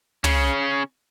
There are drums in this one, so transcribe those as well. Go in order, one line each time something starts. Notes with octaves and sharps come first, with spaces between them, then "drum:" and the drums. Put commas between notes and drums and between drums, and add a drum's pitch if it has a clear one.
C#3 C#4, drum: tom